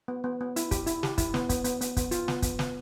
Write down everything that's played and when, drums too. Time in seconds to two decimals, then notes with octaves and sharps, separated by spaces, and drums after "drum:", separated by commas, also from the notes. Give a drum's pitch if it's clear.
0.08 B3
0.24 B3
0.41 B3
0.56 E4, drum: hi-hat
0.71 G4, drum: kick, hi-hat
0.87 E4, drum: hi-hat
1.03 G4, drum: snare
1.18 E4, drum: kick, hi-hat
1.34 B3, drum: snare
1.49 B3, drum: kick, hi-hat
1.64 B3, drum: hi-hat
1.81 B3, drum: hi-hat
1.97 B3, drum: kick, hi-hat
2.11 F4, drum: hi-hat
2.28 B3, drum: snare
2.42 B3, drum: kick, hi-hat
2.59 B3, drum: snare